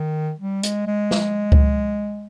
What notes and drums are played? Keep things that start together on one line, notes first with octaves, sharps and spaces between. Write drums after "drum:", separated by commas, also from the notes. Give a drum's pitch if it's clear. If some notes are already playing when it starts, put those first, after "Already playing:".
Already playing: D#3
G3
G#3, drum: hi-hat
G#3
drum: snare
drum: kick C#2